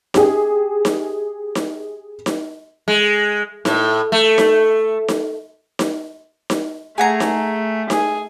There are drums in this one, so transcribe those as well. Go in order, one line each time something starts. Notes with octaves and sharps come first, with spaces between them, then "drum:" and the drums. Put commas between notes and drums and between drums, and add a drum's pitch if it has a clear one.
G4 G#4, drum: snare D#4
drum: snare D#4
drum: snare D#4
drum: snare D#4
G#3
A2, drum: snare D#4
A3
drum: snare D#4
drum: snare D#4
drum: snare D#4
drum: snare D#4
A3 G#4 F#5 A#5
drum: snare D#4
G#4, drum: snare D#4